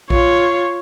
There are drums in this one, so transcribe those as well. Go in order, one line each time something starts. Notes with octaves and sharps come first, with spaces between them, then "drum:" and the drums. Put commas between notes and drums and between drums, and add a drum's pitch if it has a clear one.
F4 C#5, drum: kick A#1